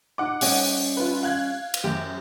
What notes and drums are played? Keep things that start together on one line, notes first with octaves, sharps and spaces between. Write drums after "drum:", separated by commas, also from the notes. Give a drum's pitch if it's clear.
D#4 F#5 D6
G3 C#4 D#5, drum: open hi-hat
F4 B4
F5 F#6 G#6
drum: cymbal
F#2 G4